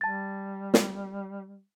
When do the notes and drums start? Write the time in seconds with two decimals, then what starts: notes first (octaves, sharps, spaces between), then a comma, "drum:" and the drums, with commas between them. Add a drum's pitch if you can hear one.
0.01 G3 A5 A6
0.74 drum: snare